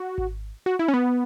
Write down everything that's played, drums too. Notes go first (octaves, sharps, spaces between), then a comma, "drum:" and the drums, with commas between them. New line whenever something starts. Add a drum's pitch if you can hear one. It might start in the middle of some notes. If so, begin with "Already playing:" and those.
Already playing: F#4
drum: kick G#1
F#4
E4
C#4
B3